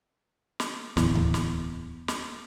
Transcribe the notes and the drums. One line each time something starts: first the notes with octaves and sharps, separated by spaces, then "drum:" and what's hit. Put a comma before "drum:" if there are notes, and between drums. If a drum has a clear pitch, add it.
drum: snare
D1 E2, drum: snare
drum: tom D2
drum: snare
drum: snare